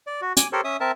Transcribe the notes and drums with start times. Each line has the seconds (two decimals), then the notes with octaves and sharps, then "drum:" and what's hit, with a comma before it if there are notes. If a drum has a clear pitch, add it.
0.07 D5
0.21 F#4
0.37 G#5 D6, drum: hi-hat
0.53 G4 A4 A#4 C5 C#5
0.64 C#4 E5 D#6
0.80 C4 A#4 E5 A5